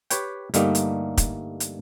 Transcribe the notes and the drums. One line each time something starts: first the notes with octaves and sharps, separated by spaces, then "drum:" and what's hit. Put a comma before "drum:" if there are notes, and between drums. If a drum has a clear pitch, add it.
G4 B4 C#5 G5, drum: hi-hat
G2 D3 G3 A3 A#3 D#4, drum: hi-hat
drum: hi-hat
drum: kick, hi-hat
drum: hi-hat